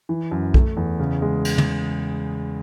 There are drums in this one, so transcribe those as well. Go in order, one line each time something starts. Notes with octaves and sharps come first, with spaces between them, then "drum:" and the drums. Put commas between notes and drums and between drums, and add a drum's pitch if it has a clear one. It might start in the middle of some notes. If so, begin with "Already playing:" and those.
E3
F#2
A3, drum: kick B1
E2
C#3
G#3
drum: cymbal
drum: tom